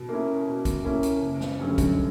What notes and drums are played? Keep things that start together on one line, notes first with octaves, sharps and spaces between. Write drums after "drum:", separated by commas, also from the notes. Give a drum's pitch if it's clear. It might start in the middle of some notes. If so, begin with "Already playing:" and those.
Already playing: B2
A#3 C#4 E4
B2
drum: kick, hi-hat
A#3 C#4 E4
drum: hi-hat
F#1
drum: snare
F#2 D3 G3 C#4
drum: kick, hi-hat